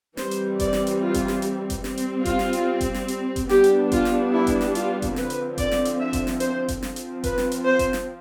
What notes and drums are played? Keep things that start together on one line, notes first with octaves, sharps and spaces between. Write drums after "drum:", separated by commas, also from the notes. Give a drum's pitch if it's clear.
E3 G3 C4 C5, drum: snare
drum: hi-hat
D5, drum: kick F#1, hi-hat
drum: snare
drum: hi-hat
F4
drum: kick F#1, hi-hat
drum: snare
drum: hi-hat
drum: kick F#1, hi-hat
G3 C4, drum: snare
drum: hi-hat
F4, drum: kick F#1, hi-hat
drum: snare
drum: hi-hat
drum: kick F#1, hi-hat
drum: snare
drum: hi-hat
drum: kick F#1, hi-hat
G3 B3 D4 G4, drum: snare
drum: hi-hat
F4, drum: kick F#1, hi-hat
drum: snare
E4
drum: kick F#1, hi-hat
drum: snare
F4, drum: hi-hat
drum: kick F#1, hi-hat
D3 F3 C4 B4, drum: snare
drum: hi-hat
D5, drum: kick F#1, hi-hat
drum: snare
drum: hi-hat
E5
drum: kick F#1, hi-hat
drum: snare
C5, drum: hi-hat
drum: kick F#1, hi-hat
F3 C4, drum: snare
drum: hi-hat
B4, drum: kick F#1, hi-hat
drum: snare
drum: hi-hat
C5
drum: kick F#1, hi-hat
drum: snare